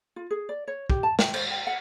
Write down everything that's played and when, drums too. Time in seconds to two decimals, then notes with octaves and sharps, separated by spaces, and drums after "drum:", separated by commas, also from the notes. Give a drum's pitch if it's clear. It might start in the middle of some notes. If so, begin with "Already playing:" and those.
0.16 F4
0.31 G#4
0.49 D5
0.68 C#5
0.90 G4, drum: kick
1.03 A5
1.19 G5, drum: snare
1.34 C5, drum: cymbal
1.50 G5
1.67 F#5